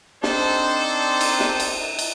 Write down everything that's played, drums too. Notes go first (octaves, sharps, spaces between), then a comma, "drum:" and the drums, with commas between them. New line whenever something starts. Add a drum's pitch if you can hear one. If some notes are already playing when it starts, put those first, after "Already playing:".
C4 D4 D#4 A4 C5, drum: snare
drum: cymbal
drum: snare
drum: cymbal
drum: cymbal